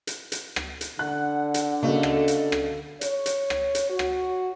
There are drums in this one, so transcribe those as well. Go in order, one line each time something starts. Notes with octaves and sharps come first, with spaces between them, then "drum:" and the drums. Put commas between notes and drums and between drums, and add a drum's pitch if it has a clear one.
drum: hi-hat
drum: hi-hat
drum: rim click
drum: hi-hat
D3 F#5 F#6
drum: hi-hat
C#3 A3 A#3 F#4 D#5
drum: rim click
drum: hi-hat
drum: rim click
C#5, drum: hi-hat
drum: hi-hat
drum: rim click
drum: hi-hat
F#4
drum: rim click